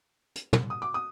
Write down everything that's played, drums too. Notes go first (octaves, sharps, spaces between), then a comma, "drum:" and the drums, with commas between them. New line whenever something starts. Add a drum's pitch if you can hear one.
drum: hi-hat
drum: tom
D#6
D6
D#6